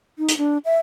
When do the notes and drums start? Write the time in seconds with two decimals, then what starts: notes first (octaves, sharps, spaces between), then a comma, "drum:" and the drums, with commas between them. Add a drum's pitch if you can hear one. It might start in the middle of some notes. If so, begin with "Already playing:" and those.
0.18 D#4
0.29 drum: hi-hat
0.38 D4
0.65 E5